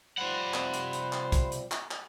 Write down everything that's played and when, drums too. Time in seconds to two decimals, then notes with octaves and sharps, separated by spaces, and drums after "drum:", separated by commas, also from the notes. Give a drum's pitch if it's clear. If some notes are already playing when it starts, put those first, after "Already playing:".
0.18 F3 G3 C5 F#5 B5
0.54 C3, drum: clap
0.74 drum: hi-hat
0.93 drum: hi-hat
1.13 drum: clap
1.32 drum: kick, hi-hat
1.52 drum: hi-hat
1.72 drum: clap
1.91 drum: clap